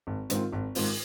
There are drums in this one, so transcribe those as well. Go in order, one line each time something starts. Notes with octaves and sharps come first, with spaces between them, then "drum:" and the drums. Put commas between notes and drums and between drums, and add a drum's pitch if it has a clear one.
G#1
G#2 D#3 C4 F4, drum: hi-hat
G#1
G#2 D#3 C4 F4, drum: open hi-hat